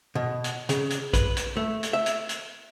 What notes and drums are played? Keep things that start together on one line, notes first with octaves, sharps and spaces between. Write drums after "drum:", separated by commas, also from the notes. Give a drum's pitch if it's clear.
B2
drum: hi-hat
C#3, drum: hi-hat
drum: hi-hat
B4, drum: kick, hi-hat
drum: hi-hat
A3
drum: hi-hat
E5
drum: hi-hat
drum: hi-hat